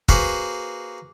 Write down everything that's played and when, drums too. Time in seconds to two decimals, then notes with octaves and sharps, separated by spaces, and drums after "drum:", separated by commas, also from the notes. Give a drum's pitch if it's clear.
0.09 A#3 F#4 G#4 B4 C5, drum: kick